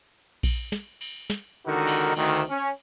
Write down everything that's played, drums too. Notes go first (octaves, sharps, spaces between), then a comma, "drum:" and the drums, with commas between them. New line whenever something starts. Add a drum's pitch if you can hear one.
drum: kick A#1, cymbal
drum: snare
drum: cymbal
drum: snare
C#2 D3 D#3 D#4 F#4 A#4
drum: cymbal
D2 D#3, drum: cymbal
C#4